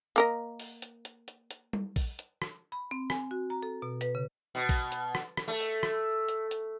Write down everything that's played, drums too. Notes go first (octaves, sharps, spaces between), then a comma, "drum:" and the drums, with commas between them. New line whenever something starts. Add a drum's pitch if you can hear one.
A#3 A#4 D#5
drum: open hi-hat
drum: hi-hat
drum: hi-hat
drum: hi-hat
drum: hi-hat
drum: tom G3
drum: kick A#1, open hi-hat
drum: hi-hat
drum: rim click
B5
C4
G#5, drum: rim click
F#4
A#5
A4
B2
B4, drum: hi-hat
C#3
B2
drum: kick A#1, open hi-hat
drum: hi-hat
drum: rim click
drum: rim click
A3
drum: open hi-hat
drum: rim click
drum: hi-hat
drum: hi-hat